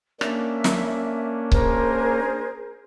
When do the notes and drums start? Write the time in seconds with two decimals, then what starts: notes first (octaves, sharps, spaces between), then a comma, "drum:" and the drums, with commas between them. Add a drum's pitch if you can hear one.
0.21 A#3 C#4 D4 E5, drum: rim click
0.64 drum: snare
1.52 G#4 A#4 C5, drum: kick C#1